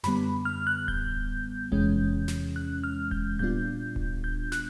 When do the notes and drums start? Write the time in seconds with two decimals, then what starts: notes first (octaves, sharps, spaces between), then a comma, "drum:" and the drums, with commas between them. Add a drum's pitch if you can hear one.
0.04 F#2 D3 G3 B3 B5, drum: snare
0.45 F6
0.67 F#6
0.88 G6, drum: kick D1
1.72 E2 C3 E3 G#3 C#4, drum: kick D1
2.28 drum: snare
2.56 F#6
2.84 F6
3.11 G6, drum: kick D1
3.39 A#2 G3 B3 D4 F4 G6
3.96 drum: kick D1
4.24 G6
4.52 F#6, drum: snare